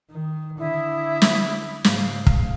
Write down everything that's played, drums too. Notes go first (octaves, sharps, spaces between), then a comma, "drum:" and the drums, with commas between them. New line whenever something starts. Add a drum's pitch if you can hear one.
D#3
D3 E4 D#6
drum: snare
G#2 C#3 F5, drum: snare
drum: kick